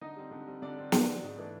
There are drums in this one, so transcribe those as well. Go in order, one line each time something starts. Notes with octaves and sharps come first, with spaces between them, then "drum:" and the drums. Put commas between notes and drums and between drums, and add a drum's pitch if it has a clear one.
D3 D#4 D#5
G3 C4
D3
G3 C4
D3 D4 D5
G3 C4
D3, drum: snare
G3 C4
G#2
E3 A3 D4